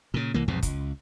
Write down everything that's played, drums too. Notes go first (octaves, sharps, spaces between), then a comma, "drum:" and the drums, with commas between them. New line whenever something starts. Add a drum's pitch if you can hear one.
A#2 C#3
C2 E3 A#3
B1 F2 G#2 C3
C#2, drum: kick, hi-hat